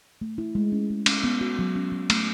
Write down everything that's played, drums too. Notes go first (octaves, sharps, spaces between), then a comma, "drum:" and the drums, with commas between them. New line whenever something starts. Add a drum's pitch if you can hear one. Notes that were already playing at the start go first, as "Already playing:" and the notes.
A3
E4
G#3
C#4
G#3
C#4, drum: cymbal
B3
F#4
F#3
C#4
F#3
A3, drum: cymbal